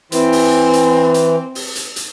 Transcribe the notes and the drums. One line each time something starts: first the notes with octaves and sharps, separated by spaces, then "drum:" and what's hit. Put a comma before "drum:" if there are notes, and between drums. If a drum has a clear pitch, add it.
E3 C4, drum: hi-hat
drum: open hi-hat
drum: hi-hat
drum: hi-hat
drum: open hi-hat
drum: hi-hat
drum: hi-hat